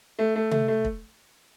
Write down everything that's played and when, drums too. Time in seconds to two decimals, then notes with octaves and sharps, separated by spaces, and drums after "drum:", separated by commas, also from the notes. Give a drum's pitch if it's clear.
0.19 A3
0.35 A3
0.51 A3, drum: tom C3
0.68 A3
0.85 drum: kick